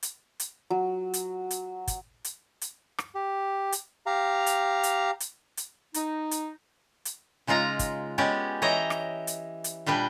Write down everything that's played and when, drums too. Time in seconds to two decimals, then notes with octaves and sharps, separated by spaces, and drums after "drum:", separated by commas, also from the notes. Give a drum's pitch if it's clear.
0.03 drum: hi-hat
0.40 drum: hi-hat
0.70 F#3
1.14 drum: hi-hat
1.51 drum: hi-hat
1.88 drum: kick, hi-hat
2.24 drum: hi-hat
2.61 drum: hi-hat
2.98 drum: rim click
3.15 G4
3.72 drum: hi-hat
4.06 G4 F5 A#5
4.46 drum: hi-hat
4.83 drum: hi-hat
5.20 drum: hi-hat
5.57 drum: hi-hat
5.94 D#4, drum: hi-hat
6.31 drum: hi-hat
7.05 drum: hi-hat
7.47 C#3 G#3 D#4 F4 A#5
7.79 drum: kick, hi-hat
8.18 G#3 B3 C#4 G4 D5
8.62 E3 C#5 D#5 G5 A#5
8.90 drum: rim click
9.27 drum: hi-hat
9.64 drum: hi-hat
9.86 A#2 G3 D4 B4 G5